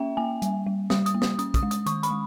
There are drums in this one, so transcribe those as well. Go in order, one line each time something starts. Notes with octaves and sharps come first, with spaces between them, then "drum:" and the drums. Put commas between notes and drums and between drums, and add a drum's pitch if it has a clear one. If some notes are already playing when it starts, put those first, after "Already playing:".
Already playing: A#3 C#4 E5 G5
A#3 G#5
G3, drum: hi-hat
G3
G3 D#6, drum: snare
D#6, drum: hi-hat
A#3
D#6, drum: snare
C#4 D#6, drum: hi-hat
D#6, drum: kick, hi-hat
G#3
D#6, drum: hi-hat
D#3 C#6, drum: hi-hat
B5, drum: hi-hat
G#3